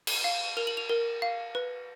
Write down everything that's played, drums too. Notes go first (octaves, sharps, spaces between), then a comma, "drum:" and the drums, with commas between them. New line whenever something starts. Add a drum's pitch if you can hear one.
drum: cymbal
F5
A#4 F7
F#7
F7
A#4
F5
B4